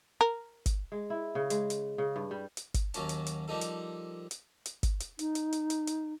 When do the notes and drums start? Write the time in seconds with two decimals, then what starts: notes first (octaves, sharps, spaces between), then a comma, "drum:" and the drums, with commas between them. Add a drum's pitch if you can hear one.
0.21 A#4
0.66 drum: kick G1, hi-hat
0.92 G#3
1.10 E4
1.35 C#3
1.50 G#3, drum: hi-hat
1.70 drum: hi-hat
1.98 C#3
2.16 G2
2.31 G3
2.57 drum: hi-hat
2.74 drum: kick G1, hi-hat
2.94 D#2 F#3 A#3 C#4 A5, drum: hi-hat
3.09 drum: hi-hat
3.26 drum: hi-hat
3.48 F3 G3 A#3 D#4 A4
3.61 drum: hi-hat
4.31 drum: hi-hat
4.66 drum: hi-hat
4.83 drum: kick G1, hi-hat
5.00 drum: hi-hat
5.19 D#4, drum: hi-hat
5.35 drum: hi-hat
5.52 drum: hi-hat
5.70 drum: hi-hat
5.87 drum: hi-hat